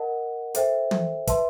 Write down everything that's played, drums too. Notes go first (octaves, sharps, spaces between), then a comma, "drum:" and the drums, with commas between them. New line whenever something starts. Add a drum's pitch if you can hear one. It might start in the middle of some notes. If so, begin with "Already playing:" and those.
Already playing: A#4 D#5 F#5 A5
A4 C5 E5 G5, drum: hi-hat
drum: tom
B4 E5 A5 C6, drum: kick, hi-hat